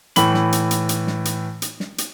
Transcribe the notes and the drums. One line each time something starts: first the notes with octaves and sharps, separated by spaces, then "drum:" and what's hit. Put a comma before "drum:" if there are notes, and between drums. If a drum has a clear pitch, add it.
A2 E3 B5 F#7, drum: hi-hat
drum: snare
drum: hi-hat
drum: hi-hat
drum: hi-hat
drum: snare
drum: hi-hat
drum: hi-hat
drum: snare
drum: hi-hat